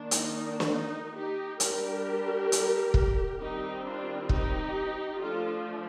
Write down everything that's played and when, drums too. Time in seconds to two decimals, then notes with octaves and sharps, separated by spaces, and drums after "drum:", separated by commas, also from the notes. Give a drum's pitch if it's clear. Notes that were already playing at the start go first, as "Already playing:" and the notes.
Already playing: D#3 A#3 D4
0.11 D#4, drum: hi-hat
0.40 D4
0.60 drum: snare
0.71 D#4
1.15 D#4 G4
1.60 G3 D4 G4 A#4, drum: hi-hat
2.52 drum: hi-hat
2.94 drum: kick
3.40 D#3 G3 C4 D#4 G4
3.84 D4 F4
4.29 D#4 G4, drum: kick
5.19 F3 A3 D4 F4 A4